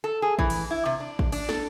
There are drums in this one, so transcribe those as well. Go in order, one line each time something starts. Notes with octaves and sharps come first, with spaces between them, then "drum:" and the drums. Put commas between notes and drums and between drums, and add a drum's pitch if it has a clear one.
A4
G#4
E3, drum: kick
drum: cymbal
E4
C3
D4
drum: kick
D4, drum: cymbal
A4, drum: snare